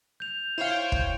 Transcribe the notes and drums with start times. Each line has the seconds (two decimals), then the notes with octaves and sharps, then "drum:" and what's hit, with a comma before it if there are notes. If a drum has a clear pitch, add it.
0.20 G6 F7
0.58 E4 C5 C#5 F5 G5
0.92 drum: kick